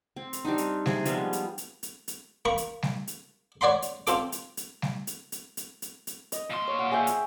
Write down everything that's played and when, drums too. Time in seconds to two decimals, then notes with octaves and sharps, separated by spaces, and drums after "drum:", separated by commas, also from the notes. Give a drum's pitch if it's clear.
0.16 C4
0.33 drum: hi-hat
0.45 G3 C4 D4 D#4
0.58 drum: hi-hat
0.86 C3 G#4, drum: snare G3
1.05 F3 G3 G#3 B3, drum: hi-hat
1.33 drum: hi-hat
1.58 drum: hi-hat
1.83 drum: hi-hat
2.08 drum: hi-hat
2.45 A#3 B5 C#6
2.58 drum: hi-hat
2.83 drum: snare G3
3.07 drum: hi-hat
3.61 C#5 D5 F#5 B5 C6
3.82 drum: hi-hat
4.07 C4 F4 A4 D6, drum: hi-hat
4.32 drum: hi-hat
4.57 drum: hi-hat
4.82 drum: snare G3
5.07 drum: hi-hat
5.32 drum: hi-hat
5.57 drum: hi-hat
5.82 drum: hi-hat
6.07 drum: hi-hat
6.32 D#5, drum: hi-hat
6.50 A#2 C6
6.67 C#5
6.79 F#5
6.92 G#4 E5 G5
7.07 drum: hi-hat